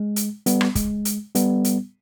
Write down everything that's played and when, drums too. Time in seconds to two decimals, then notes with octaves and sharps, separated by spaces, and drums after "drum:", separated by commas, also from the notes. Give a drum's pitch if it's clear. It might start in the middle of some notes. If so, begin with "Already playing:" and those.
Already playing: G#3
0.16 drum: hi-hat
0.46 G3 B3, drum: hi-hat
0.61 drum: rim click
0.75 G#3, drum: kick, hi-hat
1.05 drum: hi-hat
1.35 G3 B3, drum: hi-hat
1.64 drum: hi-hat